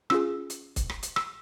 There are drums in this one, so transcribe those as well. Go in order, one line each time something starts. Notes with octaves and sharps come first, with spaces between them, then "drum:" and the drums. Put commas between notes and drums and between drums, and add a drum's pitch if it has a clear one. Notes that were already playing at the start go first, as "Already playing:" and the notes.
C#4 F4 G#4 E6, drum: rim click
drum: hi-hat
drum: kick C#1, hi-hat
drum: rim click
drum: hi-hat
E6, drum: rim click